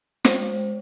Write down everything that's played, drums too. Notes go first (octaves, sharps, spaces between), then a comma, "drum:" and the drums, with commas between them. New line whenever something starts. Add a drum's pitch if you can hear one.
G#3 C5, drum: snare